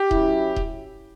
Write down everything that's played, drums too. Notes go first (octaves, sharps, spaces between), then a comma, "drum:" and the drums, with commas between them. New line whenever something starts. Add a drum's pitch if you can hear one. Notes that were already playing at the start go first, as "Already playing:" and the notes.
Already playing: G4
F#3 C#4 E4, drum: kick D#1
drum: kick D#1